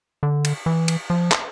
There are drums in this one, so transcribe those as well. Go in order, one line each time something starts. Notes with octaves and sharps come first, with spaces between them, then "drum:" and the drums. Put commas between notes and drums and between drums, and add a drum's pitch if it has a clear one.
D3
drum: cymbal
E3
drum: cymbal
F3
drum: clap